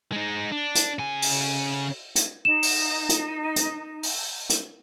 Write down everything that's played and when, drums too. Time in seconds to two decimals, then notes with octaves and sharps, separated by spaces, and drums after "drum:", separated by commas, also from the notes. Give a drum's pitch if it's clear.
0.12 G#3 D#4
0.52 D4
0.75 drum: hi-hat
0.99 C#3 G#5
1.22 drum: open hi-hat
2.16 drum: hi-hat
2.45 D#4 E7
2.63 drum: open hi-hat
3.09 drum: hi-hat
3.56 drum: hi-hat
4.03 drum: open hi-hat
4.50 drum: hi-hat